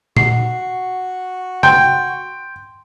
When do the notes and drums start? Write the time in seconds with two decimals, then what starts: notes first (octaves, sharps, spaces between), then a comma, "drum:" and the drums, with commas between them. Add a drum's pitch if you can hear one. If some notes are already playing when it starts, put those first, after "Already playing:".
0.17 F#4 C7, drum: tom A#2
1.63 G5 C6, drum: tom C3